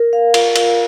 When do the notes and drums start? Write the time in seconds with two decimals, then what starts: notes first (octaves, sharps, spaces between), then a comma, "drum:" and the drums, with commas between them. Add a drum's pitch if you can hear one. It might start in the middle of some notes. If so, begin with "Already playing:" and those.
Already playing: A#4
0.13 F5
0.34 F4, drum: cymbal
0.56 F4, drum: cymbal